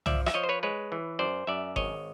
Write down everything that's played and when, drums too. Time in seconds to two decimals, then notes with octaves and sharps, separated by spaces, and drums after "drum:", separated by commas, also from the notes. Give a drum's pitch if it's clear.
0.06 F3 D5 E5, drum: tom
0.26 E5, drum: rim click
0.34 F3 C#5 D#5
0.43 C5
0.49 B4 C#5
0.63 G#3 B4 C#5
0.92 E3
1.19 F#2 C5 D5
1.47 F#2 D5 E5
1.76 G#1 C#5 D#5, drum: kick G1